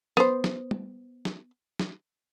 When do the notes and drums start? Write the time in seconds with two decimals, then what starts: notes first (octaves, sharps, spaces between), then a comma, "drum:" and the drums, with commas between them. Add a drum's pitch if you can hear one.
0.17 B3 C5, drum: snare
0.44 drum: snare
0.71 drum: tom G3
1.25 drum: snare
1.79 drum: snare